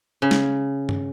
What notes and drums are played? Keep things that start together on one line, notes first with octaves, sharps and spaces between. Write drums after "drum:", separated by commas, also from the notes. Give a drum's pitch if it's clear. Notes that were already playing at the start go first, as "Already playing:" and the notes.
C#3
drum: snare
drum: tom G2